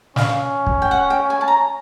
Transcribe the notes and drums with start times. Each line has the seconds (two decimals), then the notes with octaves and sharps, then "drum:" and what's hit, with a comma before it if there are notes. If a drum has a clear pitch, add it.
0.16 C#4 F5, drum: snare
0.67 drum: kick
0.82 G5
0.91 F#5
1.10 G5
1.30 G#5
1.41 A5
1.48 A#5